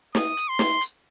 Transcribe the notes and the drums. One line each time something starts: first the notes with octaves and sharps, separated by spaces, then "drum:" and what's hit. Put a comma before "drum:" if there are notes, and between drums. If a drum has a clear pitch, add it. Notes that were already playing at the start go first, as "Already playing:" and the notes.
D#6, drum: snare
drum: hi-hat
C6
drum: snare
drum: hi-hat